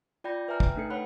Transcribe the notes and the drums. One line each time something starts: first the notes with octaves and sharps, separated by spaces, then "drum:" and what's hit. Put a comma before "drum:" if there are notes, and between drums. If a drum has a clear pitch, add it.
F4 D5 G5 B5 G6 A#6
B4 E5 G#5 A#5 F6
G5, drum: kick
A3 D4 D#4 A4 C#7
B4 C#5 F#5 B5 F#6